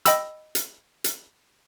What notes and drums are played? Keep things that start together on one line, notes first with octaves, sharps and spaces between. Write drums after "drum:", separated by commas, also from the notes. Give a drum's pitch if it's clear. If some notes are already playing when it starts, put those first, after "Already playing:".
D#5 G5 B5 E6, drum: hi-hat
drum: hi-hat
drum: hi-hat